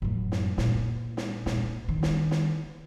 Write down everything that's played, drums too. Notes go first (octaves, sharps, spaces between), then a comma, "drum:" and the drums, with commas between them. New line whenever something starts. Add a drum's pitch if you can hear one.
F#2 A2
drum: snare
A#2, drum: snare
drum: snare
A#2, drum: snare
D#3
drum: snare
drum: snare